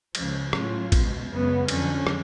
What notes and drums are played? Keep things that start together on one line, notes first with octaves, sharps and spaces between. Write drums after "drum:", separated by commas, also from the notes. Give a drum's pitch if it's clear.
C#2 C#3 F3, drum: cymbal
A2 F#3 C#4 F4, drum: rim click
C#2 B2 G#3, drum: kick A1, cymbal
F#2 C#3 G#3 B3
F2 D3 F#3 C#4, drum: cymbal
drum: rim click